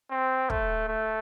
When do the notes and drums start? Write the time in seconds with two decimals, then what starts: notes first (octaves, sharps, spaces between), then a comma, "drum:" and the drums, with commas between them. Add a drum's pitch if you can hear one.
0.10 C4
0.50 A3, drum: kick
0.88 A3